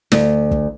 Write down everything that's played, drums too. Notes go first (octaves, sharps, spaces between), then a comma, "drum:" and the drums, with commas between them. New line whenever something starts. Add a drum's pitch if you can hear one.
D2, drum: snare
drum: kick